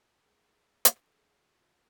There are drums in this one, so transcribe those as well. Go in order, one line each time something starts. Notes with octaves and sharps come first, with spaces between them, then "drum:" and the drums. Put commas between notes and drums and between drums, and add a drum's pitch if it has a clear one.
G#4 A#4
drum: hi-hat
A4
G#4
F#4
F4